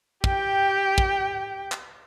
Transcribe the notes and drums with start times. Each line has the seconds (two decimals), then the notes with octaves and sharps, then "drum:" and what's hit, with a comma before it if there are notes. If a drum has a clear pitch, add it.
0.24 G4 G5, drum: kick
0.98 drum: kick
1.72 drum: clap